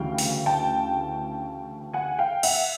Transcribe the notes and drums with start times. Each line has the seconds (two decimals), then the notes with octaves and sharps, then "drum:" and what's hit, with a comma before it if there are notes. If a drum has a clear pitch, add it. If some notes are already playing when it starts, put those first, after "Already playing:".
Already playing: D2 C#3 E3 G3 F5 G5
0.18 drum: open hi-hat
0.46 G5 A5
1.93 F#5 G#5
2.19 F5 G5
2.43 E5 F#5, drum: cymbal